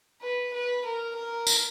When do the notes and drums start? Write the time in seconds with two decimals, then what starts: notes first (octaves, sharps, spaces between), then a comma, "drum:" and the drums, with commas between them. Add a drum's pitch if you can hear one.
0.22 B4
0.53 B4
0.85 A#4
1.16 A#4
1.47 drum: tambourine